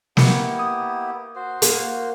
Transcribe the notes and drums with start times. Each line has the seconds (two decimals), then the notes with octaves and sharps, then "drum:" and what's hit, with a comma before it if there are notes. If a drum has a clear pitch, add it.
0.17 A#3 B3 E4 G4 C#7, drum: snare
0.59 D#6
1.36 F#4 C5
1.62 A#3, drum: hi-hat